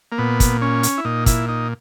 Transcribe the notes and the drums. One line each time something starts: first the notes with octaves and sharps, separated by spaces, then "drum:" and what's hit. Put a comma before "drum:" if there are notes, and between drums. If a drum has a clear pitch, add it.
A#3
A#2 B3
drum: kick, hi-hat
C#4
drum: hi-hat
E4
A#2 D#4
E4, drum: kick, hi-hat
D#4